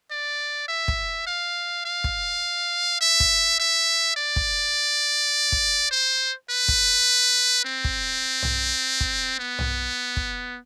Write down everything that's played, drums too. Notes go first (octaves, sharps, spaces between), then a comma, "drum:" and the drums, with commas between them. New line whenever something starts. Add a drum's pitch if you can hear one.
D5
E5
drum: kick
F5
F5
drum: kick
E5
drum: kick
E5
D5
drum: kick
drum: kick
C5
B4
drum: kick
C4
drum: kick
drum: tom B1
drum: kick
B3
drum: tom B1
drum: kick